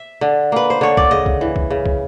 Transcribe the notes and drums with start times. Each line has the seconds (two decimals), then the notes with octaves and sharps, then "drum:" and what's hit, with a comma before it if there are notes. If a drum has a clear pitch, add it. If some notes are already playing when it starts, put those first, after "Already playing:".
Already playing: E5
0.21 D3
0.52 A#3 B4
0.70 C5
0.81 D3 C#5
0.97 D5, drum: kick
1.11 C#3 D#5
1.26 drum: kick
1.41 E3
1.56 drum: kick
1.70 C#3
1.86 drum: kick